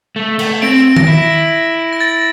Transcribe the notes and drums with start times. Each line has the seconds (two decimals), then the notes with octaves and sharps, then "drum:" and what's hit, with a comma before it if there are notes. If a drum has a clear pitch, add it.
0.16 A3
0.39 A3, drum: cymbal
0.62 C4 D7
0.96 A#6, drum: tom D#3
1.08 E4
1.93 A#6
2.01 A6